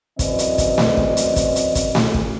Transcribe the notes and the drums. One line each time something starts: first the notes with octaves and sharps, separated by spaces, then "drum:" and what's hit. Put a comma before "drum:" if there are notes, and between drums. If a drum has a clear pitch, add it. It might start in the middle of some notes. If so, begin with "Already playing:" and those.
F#2 E3 C4 D5 D#5, drum: kick, hi-hat
drum: hi-hat
drum: kick, hi-hat
drum: snare A3
drum: kick
drum: hi-hat
drum: kick, hi-hat
drum: hi-hat
drum: kick, hi-hat
drum: snare A3
drum: kick